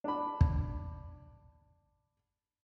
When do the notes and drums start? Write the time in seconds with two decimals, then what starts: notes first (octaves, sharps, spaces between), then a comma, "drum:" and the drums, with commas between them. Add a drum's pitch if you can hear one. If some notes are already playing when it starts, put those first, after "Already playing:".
0.04 D4 B5
0.41 drum: kick